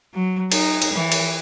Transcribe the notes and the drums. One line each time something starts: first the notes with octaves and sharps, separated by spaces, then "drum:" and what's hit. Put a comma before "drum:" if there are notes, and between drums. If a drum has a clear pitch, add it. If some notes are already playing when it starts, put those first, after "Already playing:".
F#3
D#4, drum: cymbal
drum: cymbal
E3
drum: cymbal